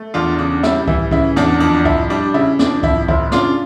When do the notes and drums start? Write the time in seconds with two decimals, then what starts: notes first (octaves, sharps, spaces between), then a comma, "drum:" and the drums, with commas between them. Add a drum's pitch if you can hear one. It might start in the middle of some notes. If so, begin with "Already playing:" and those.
Already playing: A3
0.14 E2 D4 F4
0.39 C#3 D4
0.63 G3 E4, drum: snare
0.88 E3 E4, drum: kick
1.11 C#3 E4, drum: kick
1.36 E2 D4, drum: snare
1.60 F2 D4
1.85 F2 E4, drum: kick
2.10 G3 D4
2.34 C#3 E4
2.59 F2 D4, drum: snare
2.83 F2 E4, drum: kick
3.08 F1 E4, drum: kick
3.32 C#3 D4 F4, drum: snare